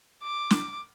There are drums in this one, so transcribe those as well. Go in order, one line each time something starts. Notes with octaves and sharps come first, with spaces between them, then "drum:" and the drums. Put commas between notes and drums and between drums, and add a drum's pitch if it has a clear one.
D6
drum: snare